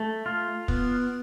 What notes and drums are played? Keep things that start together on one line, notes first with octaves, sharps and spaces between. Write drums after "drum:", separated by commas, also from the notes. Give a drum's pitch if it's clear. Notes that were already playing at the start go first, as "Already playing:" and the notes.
Already playing: A3
F4
B3, drum: kick